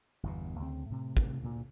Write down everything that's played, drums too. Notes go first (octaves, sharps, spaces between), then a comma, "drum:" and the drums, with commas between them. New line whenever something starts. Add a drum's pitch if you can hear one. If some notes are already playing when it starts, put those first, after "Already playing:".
G1 E2 B2
D2 C#3 C4
A2 C3
drum: kick
D2 A#2